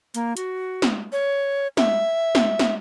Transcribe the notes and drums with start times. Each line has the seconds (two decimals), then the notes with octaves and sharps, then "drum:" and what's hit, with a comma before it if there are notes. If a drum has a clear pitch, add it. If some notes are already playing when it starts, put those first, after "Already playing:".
0.14 A#3, drum: hi-hat
0.37 F#4, drum: hi-hat
0.82 drum: snare
1.12 C#5
1.77 E5, drum: snare
2.35 drum: snare
2.59 drum: snare